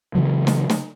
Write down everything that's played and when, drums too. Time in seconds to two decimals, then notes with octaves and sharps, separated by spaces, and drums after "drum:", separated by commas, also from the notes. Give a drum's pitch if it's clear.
0.15 C#3 E3 F#3
0.47 drum: snare
0.70 drum: snare